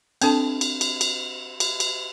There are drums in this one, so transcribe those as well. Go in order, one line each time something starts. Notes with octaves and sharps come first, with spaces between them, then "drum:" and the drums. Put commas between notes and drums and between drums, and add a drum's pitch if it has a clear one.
C4 D4 A4 A5, drum: cymbal
drum: cymbal
drum: cymbal
drum: cymbal
drum: cymbal
drum: cymbal